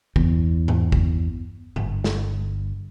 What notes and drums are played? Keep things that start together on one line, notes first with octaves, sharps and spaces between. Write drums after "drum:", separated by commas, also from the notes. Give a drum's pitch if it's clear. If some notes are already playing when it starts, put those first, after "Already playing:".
E2, drum: kick
drum: tom G#2
drum: kick
G1, drum: tom G#2
drum: snare